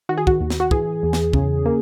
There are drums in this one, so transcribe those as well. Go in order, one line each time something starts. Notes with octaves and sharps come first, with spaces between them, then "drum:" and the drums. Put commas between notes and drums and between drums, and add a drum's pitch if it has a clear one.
D#3 F#4
G#4
F#4, drum: kick
D#2
drum: snare
F#4
E3 G#4, drum: kick
E2
drum: snare
C#3, drum: kick
A#3